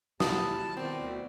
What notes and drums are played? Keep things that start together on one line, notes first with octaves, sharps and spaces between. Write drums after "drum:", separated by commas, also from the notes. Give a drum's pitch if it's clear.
D#2 E4 F4 F#5 A5 D#6, drum: snare
B2 D#3 C4 D5
D2